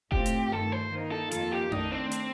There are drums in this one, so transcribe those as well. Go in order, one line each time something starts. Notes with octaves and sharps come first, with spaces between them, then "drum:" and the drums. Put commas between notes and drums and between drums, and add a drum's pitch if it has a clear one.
A2 A3 C4 F4 G4, drum: kick F1
drum: hi-hat
G2 D#3 A3 A4
C5
D#3 A#3 D#4
A4
F2 D#3 A#3 F4 A4, drum: hi-hat
G4
D#3 A3 D4 D#4, drum: tom F2
C4
drum: hi-hat